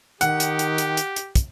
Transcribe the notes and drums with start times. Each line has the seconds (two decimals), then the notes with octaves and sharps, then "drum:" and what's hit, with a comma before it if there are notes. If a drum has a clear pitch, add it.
0.21 D#3 G4 F#5, drum: hi-hat
0.40 drum: hi-hat
0.59 drum: hi-hat
0.78 drum: hi-hat
0.97 drum: hi-hat
1.16 drum: hi-hat
1.36 drum: kick, hi-hat